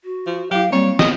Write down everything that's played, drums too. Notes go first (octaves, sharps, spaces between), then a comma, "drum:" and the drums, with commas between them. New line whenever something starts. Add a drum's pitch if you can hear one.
F#4
F3
F#3 E4 G4 F5
G3 A#3 C4 C#5
B3 D#5, drum: snare